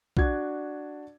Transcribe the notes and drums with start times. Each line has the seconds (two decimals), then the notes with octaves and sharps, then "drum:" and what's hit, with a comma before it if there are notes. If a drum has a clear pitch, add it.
0.17 D4 F#4 G#6, drum: kick